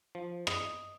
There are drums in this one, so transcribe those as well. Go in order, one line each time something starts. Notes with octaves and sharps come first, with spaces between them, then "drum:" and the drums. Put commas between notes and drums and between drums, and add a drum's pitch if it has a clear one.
F3
D#5, drum: rim click